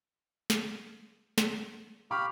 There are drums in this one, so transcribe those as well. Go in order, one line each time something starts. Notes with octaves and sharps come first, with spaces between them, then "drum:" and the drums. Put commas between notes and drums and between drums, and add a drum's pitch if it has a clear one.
drum: snare
drum: snare
G4 F5 G5 B5 C#6 D6